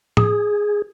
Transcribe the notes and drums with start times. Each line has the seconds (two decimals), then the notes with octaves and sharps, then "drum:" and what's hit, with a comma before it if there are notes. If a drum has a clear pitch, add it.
0.17 G#4, drum: tom A2